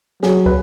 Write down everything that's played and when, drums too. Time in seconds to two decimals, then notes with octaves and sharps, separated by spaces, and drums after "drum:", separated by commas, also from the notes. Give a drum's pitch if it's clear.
0.23 F#3 G#4, drum: snare
0.46 B4, drum: kick